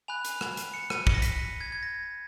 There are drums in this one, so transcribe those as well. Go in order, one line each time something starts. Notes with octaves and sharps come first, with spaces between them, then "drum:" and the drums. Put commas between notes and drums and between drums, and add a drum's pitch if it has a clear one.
G#5 B5 F#6 F7
drum: hi-hat
drum: rim click
drum: hi-hat
C#7
D#7, drum: rim click
C#7, drum: kick
A#6
B6, drum: hi-hat
A#6
G#6
G#6
A#6